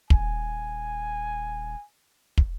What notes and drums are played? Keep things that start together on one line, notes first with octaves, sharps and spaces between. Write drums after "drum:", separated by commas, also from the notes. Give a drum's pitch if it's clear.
D#1 G#5, drum: kick
drum: kick